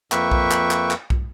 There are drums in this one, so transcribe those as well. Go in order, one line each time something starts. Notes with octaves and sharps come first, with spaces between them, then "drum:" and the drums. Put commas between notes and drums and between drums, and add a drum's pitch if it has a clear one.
F2 A#3 B4 E5 G5 C#6, drum: clap
drum: kick B1
drum: clap
drum: clap
drum: clap
drum: kick B1